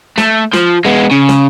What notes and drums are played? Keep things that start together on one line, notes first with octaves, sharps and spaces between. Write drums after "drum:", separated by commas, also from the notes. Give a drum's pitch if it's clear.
A3, drum: snare
F3, drum: snare
G#3 B3
C#3
drum: snare